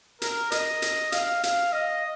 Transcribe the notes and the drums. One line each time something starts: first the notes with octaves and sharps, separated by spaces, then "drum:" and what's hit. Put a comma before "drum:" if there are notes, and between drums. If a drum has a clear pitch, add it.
A#4, drum: hi-hat
D#5, drum: hi-hat
drum: hi-hat
F5, drum: hi-hat
F5, drum: hi-hat
D#5